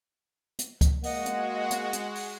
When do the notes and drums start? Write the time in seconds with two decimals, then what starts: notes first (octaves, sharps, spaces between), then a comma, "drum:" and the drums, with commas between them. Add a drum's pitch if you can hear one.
0.59 drum: hi-hat
0.81 drum: kick C#2, hi-hat
1.03 G#3 A#3 F#4 D#5 F#5, drum: open hi-hat
1.26 drum: hi-hat
1.71 drum: hi-hat
1.93 drum: hi-hat
2.15 drum: open hi-hat